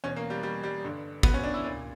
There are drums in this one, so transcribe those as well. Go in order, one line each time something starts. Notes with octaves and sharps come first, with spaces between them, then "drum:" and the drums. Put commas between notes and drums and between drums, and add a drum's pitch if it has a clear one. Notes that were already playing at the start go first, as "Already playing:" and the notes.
E2 B2 C#4
A#3
G3
G3
G3
G2 D3
B3, drum: kick G#1
C#4
D4
E4
A#2 D4